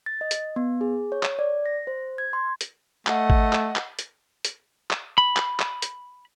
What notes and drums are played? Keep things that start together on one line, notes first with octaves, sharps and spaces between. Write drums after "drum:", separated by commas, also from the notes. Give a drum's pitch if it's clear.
A6
D#5
drum: hi-hat
B3
G#4
C#5
drum: clap
D5
A#6
C5
G#6
C6
drum: hi-hat
A3 D#5 F#5, drum: clap
drum: kick G#1
drum: clap
drum: clap
drum: hi-hat
drum: hi-hat
drum: clap
B5
drum: clap
drum: clap
drum: hi-hat